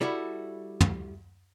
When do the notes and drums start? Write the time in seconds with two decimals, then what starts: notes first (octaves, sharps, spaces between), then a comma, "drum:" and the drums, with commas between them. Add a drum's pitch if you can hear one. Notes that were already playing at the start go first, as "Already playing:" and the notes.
0.01 G3 E4 F#4 A4
0.81 drum: tom